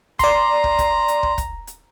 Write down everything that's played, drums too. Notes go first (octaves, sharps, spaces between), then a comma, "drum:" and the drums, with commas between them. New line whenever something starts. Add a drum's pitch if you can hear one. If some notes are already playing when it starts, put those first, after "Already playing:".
D5 A#5 C6, drum: kick, hi-hat
drum: kick
drum: kick, hi-hat
drum: hi-hat
drum: kick
drum: kick, hi-hat
drum: hi-hat